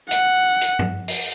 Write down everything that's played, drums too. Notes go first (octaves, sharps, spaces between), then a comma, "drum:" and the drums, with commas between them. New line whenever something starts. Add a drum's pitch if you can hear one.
F#5, drum: hi-hat
drum: hi-hat
drum: tom
drum: open hi-hat